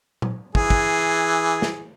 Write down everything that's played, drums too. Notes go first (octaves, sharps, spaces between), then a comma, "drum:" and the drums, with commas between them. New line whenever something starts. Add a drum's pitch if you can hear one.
drum: tom A#2
E3 G#4, drum: kick
drum: kick
drum: snare